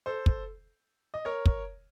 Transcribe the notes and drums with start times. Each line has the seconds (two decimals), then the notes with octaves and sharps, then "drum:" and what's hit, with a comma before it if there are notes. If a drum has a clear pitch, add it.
0.06 A4 C5
0.26 drum: kick
1.14 D#5
1.25 A#4 C#5
1.46 drum: kick